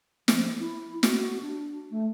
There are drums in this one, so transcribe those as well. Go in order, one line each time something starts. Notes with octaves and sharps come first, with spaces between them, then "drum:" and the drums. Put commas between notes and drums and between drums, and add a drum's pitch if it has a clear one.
F3, drum: snare
E4
F#4, drum: snare
D4
A3